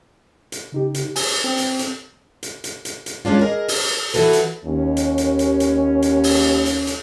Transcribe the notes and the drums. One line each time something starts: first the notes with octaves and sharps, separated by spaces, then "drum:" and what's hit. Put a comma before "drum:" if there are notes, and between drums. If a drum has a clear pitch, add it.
drum: hi-hat
C#3 D#4 G4
drum: hi-hat
G#5, drum: open hi-hat
C4
drum: hi-hat
drum: hi-hat
drum: hi-hat
drum: hi-hat
drum: hi-hat
drum: hi-hat
G#3 C#4 D4 F4
G#4 A#4 D#5
A#4, drum: open hi-hat
E3 E4 F#4 A4 B4, drum: hi-hat
drum: hi-hat
D#2 C#4
drum: hi-hat
drum: hi-hat
drum: hi-hat
drum: hi-hat
drum: hi-hat
drum: open hi-hat
drum: hi-hat
drum: hi-hat